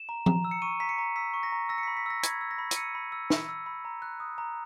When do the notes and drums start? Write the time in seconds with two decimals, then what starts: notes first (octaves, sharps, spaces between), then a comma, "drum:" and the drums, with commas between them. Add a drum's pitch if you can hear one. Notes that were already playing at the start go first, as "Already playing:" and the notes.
Already playing: E7
0.09 A#5
0.26 A#5, drum: tom F3
0.45 E6
0.51 C#7
0.62 C#6 D#7
0.80 A#5 B6
0.89 C#7
0.98 A#5
1.16 E6 B6
1.34 C#6
1.43 A#6
1.52 A#5
1.69 E6 A#6
1.78 C#7
1.83 B5 B6
1.97 B6
2.06 E6 A#6
2.23 B5 G#6, drum: hi-hat
2.41 E6
2.51 A#6
2.59 B5
2.71 D#7, drum: hi-hat
2.76 E6 C#7
2.95 B5
3.12 E6
3.30 B5, drum: snare
3.49 E6
3.66 B5
3.85 A#5
4.02 F#6
4.20 D#6
4.38 A#5